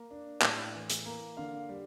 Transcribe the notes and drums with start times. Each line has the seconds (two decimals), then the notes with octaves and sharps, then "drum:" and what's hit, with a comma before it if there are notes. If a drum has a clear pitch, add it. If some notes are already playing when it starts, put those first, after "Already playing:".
Already playing: A#3
0.11 D4
0.42 A2, drum: clap
0.74 E3
0.90 drum: hi-hat
1.05 A#3
1.37 D3 F5
1.69 G3